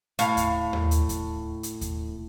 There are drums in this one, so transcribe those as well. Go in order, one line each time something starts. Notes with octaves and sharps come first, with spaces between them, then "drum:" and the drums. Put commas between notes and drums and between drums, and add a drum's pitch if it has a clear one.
A2 F5, drum: hi-hat
drum: kick D#2, hi-hat
drum: tom D#2
drum: hi-hat
drum: kick D#2, hi-hat
drum: hi-hat
drum: kick D#2, hi-hat